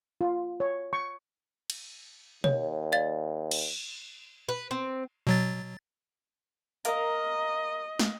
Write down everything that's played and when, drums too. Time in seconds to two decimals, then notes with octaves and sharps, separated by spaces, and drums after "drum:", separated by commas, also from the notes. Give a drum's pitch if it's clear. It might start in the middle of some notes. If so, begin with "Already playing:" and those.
0.21 F4
0.60 C#5
0.93 C#6
1.70 drum: cymbal
2.44 D#2 C#5, drum: tom B2
2.92 D5 F5 A6
3.51 drum: cymbal
4.49 B4
4.71 C4
5.27 B2 F#3 A6
6.85 A#4 D#5 F5 A#5, drum: hi-hat
7.99 drum: snare